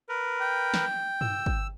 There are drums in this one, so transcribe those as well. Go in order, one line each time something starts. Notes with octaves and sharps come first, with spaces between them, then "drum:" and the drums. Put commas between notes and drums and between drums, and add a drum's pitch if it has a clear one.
A#4 B4
G5
drum: snare
E6, drum: tom G2
drum: kick